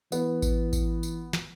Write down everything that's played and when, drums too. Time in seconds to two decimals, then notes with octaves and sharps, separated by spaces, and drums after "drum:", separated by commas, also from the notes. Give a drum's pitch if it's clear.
0.12 E3 B3, drum: tambourine
0.42 drum: kick A1, tambourine
0.73 drum: kick A1, tambourine
1.03 drum: tambourine
1.33 drum: snare